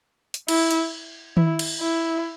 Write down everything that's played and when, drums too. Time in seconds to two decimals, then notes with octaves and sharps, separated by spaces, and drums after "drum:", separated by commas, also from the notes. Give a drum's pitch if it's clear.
0.34 drum: hi-hat
0.48 E4, drum: cymbal
0.71 drum: hi-hat
1.37 E4, drum: tom D#3
1.59 drum: cymbal
1.81 E4